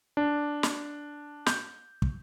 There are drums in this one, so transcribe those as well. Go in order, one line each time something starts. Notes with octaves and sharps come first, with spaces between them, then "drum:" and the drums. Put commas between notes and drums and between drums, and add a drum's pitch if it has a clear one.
D4
drum: snare
G6, drum: snare
drum: kick